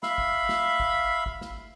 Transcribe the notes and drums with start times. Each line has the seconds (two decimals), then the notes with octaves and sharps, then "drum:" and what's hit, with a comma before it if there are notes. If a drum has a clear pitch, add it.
0.03 E5 F5 B5, drum: snare
0.18 drum: kick
0.49 drum: snare
0.80 drum: kick
1.26 drum: kick
1.41 drum: snare